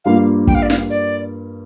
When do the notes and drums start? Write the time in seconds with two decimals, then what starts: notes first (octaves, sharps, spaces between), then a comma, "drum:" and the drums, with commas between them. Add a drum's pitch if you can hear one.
0.05 G2 G3 A#3 F4 A#4 F5
0.47 G5, drum: kick
0.55 F5
0.62 D5
0.70 F5, drum: snare
0.90 D5